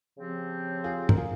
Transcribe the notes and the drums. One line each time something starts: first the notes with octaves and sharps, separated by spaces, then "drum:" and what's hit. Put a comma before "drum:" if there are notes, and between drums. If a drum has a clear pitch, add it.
C#3 F3 C4 G4
F4 G#4
A#4, drum: tom
F4 G#4